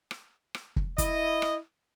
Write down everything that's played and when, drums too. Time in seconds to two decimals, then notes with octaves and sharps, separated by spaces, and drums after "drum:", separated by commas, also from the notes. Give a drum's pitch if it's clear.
0.11 drum: rim click
0.54 drum: rim click
0.76 drum: kick
0.98 E4 D#5, drum: kick, hi-hat
1.42 drum: rim click